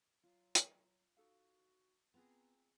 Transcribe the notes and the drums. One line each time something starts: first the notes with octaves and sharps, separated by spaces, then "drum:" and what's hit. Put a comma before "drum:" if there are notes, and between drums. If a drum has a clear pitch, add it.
F#3 F4
drum: hi-hat
D#4 F#4 A4 F5
B3 C4 F4 G#4 B4 A#5